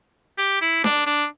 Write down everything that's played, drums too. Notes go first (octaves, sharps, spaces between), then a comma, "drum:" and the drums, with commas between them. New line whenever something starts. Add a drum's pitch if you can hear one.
G4, drum: hi-hat
E4
D4, drum: snare D4
D4, drum: hi-hat